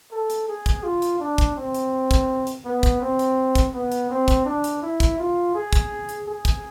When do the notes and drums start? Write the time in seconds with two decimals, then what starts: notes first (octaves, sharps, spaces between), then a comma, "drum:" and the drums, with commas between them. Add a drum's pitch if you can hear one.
0.12 A4
0.30 drum: hi-hat
0.48 G#4
0.66 drum: kick, hi-hat
0.84 F4
1.02 drum: hi-hat
1.20 D4
1.38 drum: kick, hi-hat
1.56 C4
1.74 drum: hi-hat
2.11 drum: kick, hi-hat
2.47 drum: hi-hat
2.65 B3
2.83 drum: kick, hi-hat
3.01 C4
3.19 drum: hi-hat
3.55 drum: kick, hi-hat
3.74 B3
3.92 drum: hi-hat
4.10 C4
4.28 drum: kick, hi-hat
4.46 D4
4.64 drum: hi-hat
4.82 E4
5.00 drum: kick, hi-hat
5.18 F4
5.55 G#4
5.73 drum: kick, hi-hat
6.09 drum: hi-hat
6.27 G#4
6.45 drum: kick, hi-hat